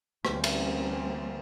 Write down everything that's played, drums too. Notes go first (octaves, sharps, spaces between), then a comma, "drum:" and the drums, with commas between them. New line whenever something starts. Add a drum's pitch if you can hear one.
D2 E3 G3 A#3 C4 C#4, drum: rim click
drum: cymbal